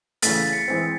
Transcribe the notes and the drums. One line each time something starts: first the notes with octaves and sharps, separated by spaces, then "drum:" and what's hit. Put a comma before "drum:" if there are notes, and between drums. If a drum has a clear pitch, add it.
C#3 E3 A3 A6 B6, drum: hi-hat
A6 B6
B6 C#7
E3 G#3 C4